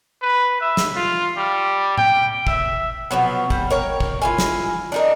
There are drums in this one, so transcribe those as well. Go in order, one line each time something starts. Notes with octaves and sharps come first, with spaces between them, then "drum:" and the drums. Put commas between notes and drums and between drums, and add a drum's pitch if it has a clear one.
B4
E5
drum: snare
F4
G3
G5, drum: tom A2
E5, drum: kick
B2 F3 F#3 B3
G3, drum: kick
A#4 C#5 G5
drum: kick
E4 F4 G#5
drum: snare
D4 D#4 A#4